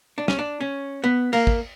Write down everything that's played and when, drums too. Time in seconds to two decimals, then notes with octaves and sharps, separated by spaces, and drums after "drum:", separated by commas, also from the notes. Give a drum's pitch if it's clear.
0.18 D4
0.28 C#4, drum: snare
0.39 D4
0.61 C#4
1.04 B3
1.33 A#3, drum: cymbal
1.47 drum: kick